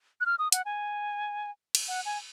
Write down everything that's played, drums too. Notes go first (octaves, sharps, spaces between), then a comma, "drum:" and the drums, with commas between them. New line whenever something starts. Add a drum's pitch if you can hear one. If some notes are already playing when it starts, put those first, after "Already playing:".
F#6
F6
D#6
F#5, drum: hi-hat
G#5
drum: cymbal
F#5
G#5